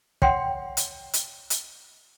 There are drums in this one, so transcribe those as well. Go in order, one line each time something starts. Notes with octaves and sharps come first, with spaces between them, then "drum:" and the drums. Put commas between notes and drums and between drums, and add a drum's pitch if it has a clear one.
C#5 F#5 G5 C6, drum: kick
drum: hi-hat
drum: hi-hat
drum: hi-hat